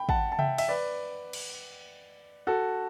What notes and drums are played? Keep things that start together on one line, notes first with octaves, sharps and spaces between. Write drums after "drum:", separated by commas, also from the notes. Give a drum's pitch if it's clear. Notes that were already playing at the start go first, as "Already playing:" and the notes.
Already playing: G5 B5
F#5 A5, drum: kick
A5
E5 G5, drum: tom C3
E5, drum: cymbal
B4 D5
drum: cymbal
F#4 A4